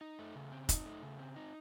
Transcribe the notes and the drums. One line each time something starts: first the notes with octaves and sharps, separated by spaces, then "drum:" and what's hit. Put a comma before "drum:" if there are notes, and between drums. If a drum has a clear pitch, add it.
D#4
A3
C#3
C4
D#4, drum: kick, hi-hat
A3
C#3
C4
D#4